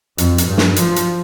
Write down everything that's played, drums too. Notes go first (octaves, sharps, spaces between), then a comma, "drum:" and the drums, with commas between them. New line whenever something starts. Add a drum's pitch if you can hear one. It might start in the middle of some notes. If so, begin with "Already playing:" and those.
F2, drum: hi-hat
drum: hi-hat
G2
drum: snare
F3, drum: hi-hat
drum: hi-hat